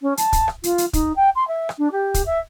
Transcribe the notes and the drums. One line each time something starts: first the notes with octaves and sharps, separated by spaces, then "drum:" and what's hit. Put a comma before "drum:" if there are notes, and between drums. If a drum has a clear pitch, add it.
C#4
A5, drum: hi-hat
drum: kick, hi-hat
drum: rim click
F4, drum: hi-hat
drum: hi-hat
D#4, drum: kick, hi-hat
G5
C6
E5
drum: rim click
D4
G4
drum: kick, hi-hat
E5